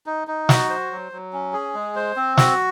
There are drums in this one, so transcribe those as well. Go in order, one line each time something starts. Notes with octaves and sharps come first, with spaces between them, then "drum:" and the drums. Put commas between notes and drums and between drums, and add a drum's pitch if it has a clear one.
D#4
D#4
F#4, drum: snare
C5
F#3
F#3
C#4
G#4
G#3
C5
C4
F#4, drum: snare